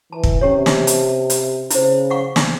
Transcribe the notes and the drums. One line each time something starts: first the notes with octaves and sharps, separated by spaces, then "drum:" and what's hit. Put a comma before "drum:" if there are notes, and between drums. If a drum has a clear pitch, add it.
E3 A5
drum: kick
C3 C#4 G4 C#5
drum: snare
A5, drum: hi-hat
drum: hi-hat
C#3 E4 C5, drum: hi-hat
F5 F#5 C#6
drum: snare